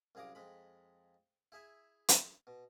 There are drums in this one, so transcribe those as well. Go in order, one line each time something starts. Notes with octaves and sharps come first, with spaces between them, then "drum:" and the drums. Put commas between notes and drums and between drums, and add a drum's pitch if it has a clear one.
C2 F#2 G#4 F5 A#5 D6
F2 G#3 B5
E4 G#4 E5 G#5
drum: hi-hat
B2